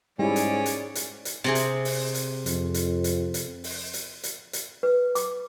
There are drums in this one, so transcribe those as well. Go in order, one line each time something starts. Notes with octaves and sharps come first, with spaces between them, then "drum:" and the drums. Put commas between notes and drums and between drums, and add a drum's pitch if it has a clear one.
G#2 G3 C#4 E4 G#4 D5
drum: hi-hat
drum: hi-hat
drum: hi-hat
drum: hi-hat
C3 C4 G#4
drum: hi-hat
drum: open hi-hat
drum: hi-hat
F2, drum: hi-hat
drum: hi-hat
drum: hi-hat
drum: hi-hat
drum: open hi-hat
drum: hi-hat
drum: hi-hat
drum: hi-hat
B4
D6, drum: hi-hat